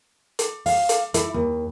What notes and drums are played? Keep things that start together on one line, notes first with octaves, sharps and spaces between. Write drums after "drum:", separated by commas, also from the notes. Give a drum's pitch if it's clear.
drum: hi-hat
F5, drum: open hi-hat
drum: hi-hat
E4, drum: hi-hat
D#2